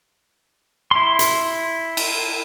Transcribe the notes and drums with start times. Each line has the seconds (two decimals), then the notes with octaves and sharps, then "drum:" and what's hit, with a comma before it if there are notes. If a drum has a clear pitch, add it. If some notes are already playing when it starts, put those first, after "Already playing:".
0.91 E4 C6
1.19 drum: hi-hat
1.97 drum: cymbal